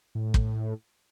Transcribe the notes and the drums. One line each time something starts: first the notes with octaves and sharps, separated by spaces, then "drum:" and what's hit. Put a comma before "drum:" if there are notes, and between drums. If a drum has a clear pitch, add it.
A2
drum: kick